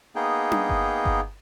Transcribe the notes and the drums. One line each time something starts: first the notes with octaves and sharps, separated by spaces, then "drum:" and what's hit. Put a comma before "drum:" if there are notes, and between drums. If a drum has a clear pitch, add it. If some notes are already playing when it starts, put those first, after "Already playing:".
A#3 B3 D#4 G#4 G5
drum: tom D4
drum: kick G1
drum: kick G1